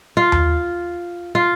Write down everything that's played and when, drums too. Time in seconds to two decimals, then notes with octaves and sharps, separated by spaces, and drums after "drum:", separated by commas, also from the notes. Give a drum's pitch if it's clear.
0.17 F4
0.32 drum: tom D#2
1.35 F4